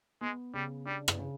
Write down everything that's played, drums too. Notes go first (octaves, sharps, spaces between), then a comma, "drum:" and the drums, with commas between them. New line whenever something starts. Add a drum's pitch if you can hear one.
G#3 B3
C#3 G3
G3 D4
drum: rim click
C#3